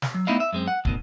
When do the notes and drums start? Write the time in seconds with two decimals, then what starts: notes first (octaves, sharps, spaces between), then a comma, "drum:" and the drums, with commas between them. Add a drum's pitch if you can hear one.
0.02 drum: snare
0.14 F#3
0.27 A3 B3 D#4 E4 D#5 F5
0.40 E5
0.53 F#2 G#3 C4
0.68 F#5
0.85 D2 B2 D#3, drum: kick